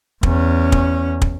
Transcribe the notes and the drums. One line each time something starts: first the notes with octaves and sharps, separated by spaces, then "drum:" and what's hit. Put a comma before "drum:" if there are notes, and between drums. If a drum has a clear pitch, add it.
E2 C#4, drum: kick
drum: kick
drum: kick